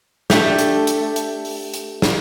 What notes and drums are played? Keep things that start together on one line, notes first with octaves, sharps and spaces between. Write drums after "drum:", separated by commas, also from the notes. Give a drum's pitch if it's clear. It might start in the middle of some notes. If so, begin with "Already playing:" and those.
A3 D4 G4, drum: snare
drum: hi-hat
drum: hi-hat
drum: hi-hat
drum: open hi-hat
drum: hi-hat
drum: snare